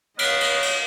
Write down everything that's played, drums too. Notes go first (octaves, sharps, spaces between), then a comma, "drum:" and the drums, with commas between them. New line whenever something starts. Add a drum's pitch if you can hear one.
B3 C#5 D#5 F5 F6 B6 D7, drum: cymbal
drum: cymbal
drum: cymbal